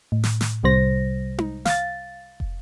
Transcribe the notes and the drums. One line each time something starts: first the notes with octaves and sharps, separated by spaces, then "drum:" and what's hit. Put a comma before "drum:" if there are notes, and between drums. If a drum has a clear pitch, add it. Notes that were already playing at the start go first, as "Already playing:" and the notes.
A2
drum: snare
drum: snare
C2 C3 G3 C5 A#6
drum: tom D#4
F5 A6, drum: snare
drum: kick